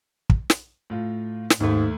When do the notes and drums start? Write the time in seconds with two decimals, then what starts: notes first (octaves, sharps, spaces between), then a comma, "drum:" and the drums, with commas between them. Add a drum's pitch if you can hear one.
0.30 drum: kick
0.50 drum: snare
0.90 A2 F4
1.50 drum: snare
1.60 D#2 G#2 A3